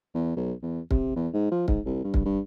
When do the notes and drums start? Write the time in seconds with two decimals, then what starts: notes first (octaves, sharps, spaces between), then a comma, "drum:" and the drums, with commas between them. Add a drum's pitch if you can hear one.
0.15 E2
0.36 B1
0.63 E2
0.91 C3, drum: kick
1.16 E2
1.33 G#2
1.51 F3
1.68 G#2, drum: kick
1.86 C2
2.04 G2
2.14 drum: kick
2.25 G2